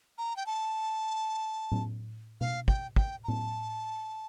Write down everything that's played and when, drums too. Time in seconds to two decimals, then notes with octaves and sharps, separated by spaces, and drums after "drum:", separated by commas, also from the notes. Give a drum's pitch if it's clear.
0.18 A#5
0.36 G5
0.46 A5
1.72 drum: tom A2
2.41 F5, drum: tom B2
2.68 G5, drum: kick
2.96 G5, drum: kick
3.24 A#5
3.28 A5, drum: tom A2